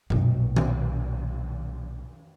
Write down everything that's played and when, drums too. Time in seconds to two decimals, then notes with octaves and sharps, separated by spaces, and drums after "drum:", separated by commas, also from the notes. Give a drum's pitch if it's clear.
0.10 B1 A#2, drum: tom F#2
0.56 drum: tom D#3